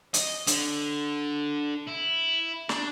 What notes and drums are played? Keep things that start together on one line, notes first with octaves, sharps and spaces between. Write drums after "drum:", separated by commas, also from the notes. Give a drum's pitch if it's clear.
D#5, drum: hi-hat
D3, drum: hi-hat
E4
D4, drum: snare